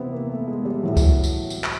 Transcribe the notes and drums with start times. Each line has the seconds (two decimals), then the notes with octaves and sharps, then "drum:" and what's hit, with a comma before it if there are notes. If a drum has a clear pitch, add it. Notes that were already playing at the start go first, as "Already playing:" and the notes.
Already playing: C3 E3 B3 C4 E4
0.12 A#3
0.29 A3
0.48 G#3
0.65 G3
0.83 A2 E3 F#3
0.97 drum: kick C#2, tambourine
1.24 drum: tambourine
1.50 drum: tambourine
1.64 drum: clap